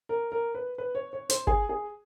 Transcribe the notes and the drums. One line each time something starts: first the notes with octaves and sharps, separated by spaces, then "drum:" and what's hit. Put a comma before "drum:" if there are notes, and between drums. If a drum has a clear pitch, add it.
A#4
A#4
B4
B4
C#5
C#5
C5, drum: hi-hat
G#4, drum: kick G1
G#4